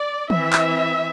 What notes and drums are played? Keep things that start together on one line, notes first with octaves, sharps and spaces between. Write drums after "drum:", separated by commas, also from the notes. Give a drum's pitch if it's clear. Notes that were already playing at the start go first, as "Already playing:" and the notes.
Already playing: D5
E3 C4 E5, drum: tom D#3
drum: clap